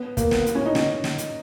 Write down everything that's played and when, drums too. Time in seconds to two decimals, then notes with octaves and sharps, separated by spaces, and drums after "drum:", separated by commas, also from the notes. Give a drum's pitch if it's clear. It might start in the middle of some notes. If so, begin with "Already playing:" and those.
Already playing: B3
0.17 A#3, drum: kick, hi-hat
0.31 B3, drum: snare
0.46 B3, drum: hi-hat
0.55 C#4
0.66 D#4
0.75 C#4, drum: snare
1.04 drum: snare
1.18 drum: hi-hat